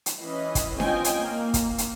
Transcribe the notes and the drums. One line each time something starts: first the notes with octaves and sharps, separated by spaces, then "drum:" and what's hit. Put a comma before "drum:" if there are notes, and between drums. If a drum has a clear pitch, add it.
drum: hi-hat
E3 C#4 B4 D#5
drum: kick, hi-hat
C4 C#4 F4 D#5 G5 G#5, drum: snare D4
drum: hi-hat
A#3
drum: kick, hi-hat
drum: hi-hat